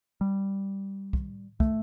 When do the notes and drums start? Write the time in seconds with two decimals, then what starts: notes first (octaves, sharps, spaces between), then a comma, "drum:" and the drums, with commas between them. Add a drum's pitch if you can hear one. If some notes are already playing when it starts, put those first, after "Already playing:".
0.21 G3
1.13 drum: kick
1.60 A3, drum: kick